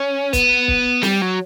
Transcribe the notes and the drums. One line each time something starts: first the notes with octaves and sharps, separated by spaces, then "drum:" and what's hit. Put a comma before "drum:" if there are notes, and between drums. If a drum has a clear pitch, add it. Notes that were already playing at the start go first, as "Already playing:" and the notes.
Already playing: C#4
B3, drum: kick, hi-hat
drum: kick
G3, drum: snare
F#3